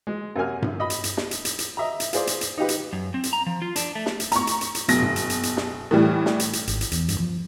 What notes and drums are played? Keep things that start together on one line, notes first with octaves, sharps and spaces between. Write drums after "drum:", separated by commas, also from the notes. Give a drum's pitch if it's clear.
G#3
F#2 C3 A#3 G#5 F6
drum: tom G2
D#5 B5
drum: hi-hat
drum: hi-hat
drum: snare
drum: hi-hat
drum: hi-hat
drum: hi-hat
D#5 E5 A#5
drum: hi-hat
F4 G#4 C5 D5, drum: hi-hat
drum: hi-hat
drum: hi-hat
D#4 F4 G4 B4
drum: hi-hat
F#2
C4
drum: hi-hat
A#5
F3
F4
D4, drum: hi-hat
A3
drum: snare
drum: hi-hat
A#5 C#6, drum: hi-hat
drum: hi-hat
drum: hi-hat
drum: hi-hat
F#1 B2 A#6, drum: hi-hat
drum: tom G2
drum: hi-hat
drum: hi-hat
drum: hi-hat
drum: snare
A2 E3 G3
drum: snare
drum: hi-hat
drum: hi-hat
G#1, drum: hi-hat
drum: hi-hat
E2, drum: hi-hat
G2, drum: hi-hat
F3